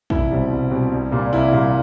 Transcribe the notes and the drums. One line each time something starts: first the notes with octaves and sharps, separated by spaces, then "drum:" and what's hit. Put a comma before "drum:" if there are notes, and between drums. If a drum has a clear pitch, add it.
C2 E4, drum: kick
B2 G3 C4
C2
B2 G3 C4
C2
A#2 G3 A#3
C2 E4
A#2 G3 A#3